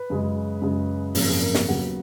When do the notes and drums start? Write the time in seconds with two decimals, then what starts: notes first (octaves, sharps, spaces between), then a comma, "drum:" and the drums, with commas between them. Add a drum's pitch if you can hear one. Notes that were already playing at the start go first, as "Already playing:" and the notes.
Already playing: B4
0.10 F#2 C#3 G#3
0.62 F#2 C#3 G#3
1.15 G#1 F#2 C#3 F3 A#3, drum: open hi-hat
1.29 G#4
1.42 A#4
1.54 G#4, drum: snare
1.68 D#2 C#3 F#3 B3 F#5